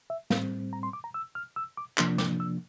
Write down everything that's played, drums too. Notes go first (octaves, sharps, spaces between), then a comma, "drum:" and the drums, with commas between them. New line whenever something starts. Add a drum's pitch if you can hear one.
E5
A2 G3 C4 F5, drum: snare
A#5
C6
D6
A#5
E6
F6
E6
D6
C3 F3 A#3 D4 C6, drum: clap
D6, drum: snare
E6